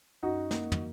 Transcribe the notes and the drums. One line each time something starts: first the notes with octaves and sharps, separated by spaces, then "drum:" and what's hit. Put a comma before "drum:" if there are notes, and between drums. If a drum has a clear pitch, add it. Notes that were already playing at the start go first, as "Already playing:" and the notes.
F#2 D#4 F#4
A#3, drum: snare
drum: tom